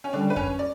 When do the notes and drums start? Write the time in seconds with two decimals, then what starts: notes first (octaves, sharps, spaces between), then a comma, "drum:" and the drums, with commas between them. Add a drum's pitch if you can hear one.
0.04 C#4
0.13 D3 G3 D4
0.30 B4
0.36 C#4 C#5, drum: kick F2
0.59 D5